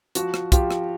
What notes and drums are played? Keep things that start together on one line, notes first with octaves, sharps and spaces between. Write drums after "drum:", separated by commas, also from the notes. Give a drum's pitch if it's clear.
F3 F#4, drum: hi-hat
drum: rim click
F3 F4 G4, drum: kick, hi-hat
drum: rim click